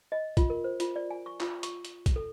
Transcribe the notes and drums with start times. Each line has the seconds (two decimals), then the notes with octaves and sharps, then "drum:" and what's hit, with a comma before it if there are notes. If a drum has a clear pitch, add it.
0.12 D#5
0.37 F4, drum: kick B1, hi-hat
0.50 A#4
0.64 C5
0.80 F4, drum: hi-hat
0.96 D5
1.11 G#5
1.26 C#6
1.40 F4, drum: clap
1.63 C#6, drum: hi-hat
1.85 drum: hi-hat
2.06 drum: kick B1, hi-hat
2.16 A4